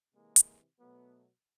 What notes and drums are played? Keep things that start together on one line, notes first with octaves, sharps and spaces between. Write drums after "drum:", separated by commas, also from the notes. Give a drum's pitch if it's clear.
C3 E3 G#3 A#3
drum: hi-hat
B2 F#3 A3 B3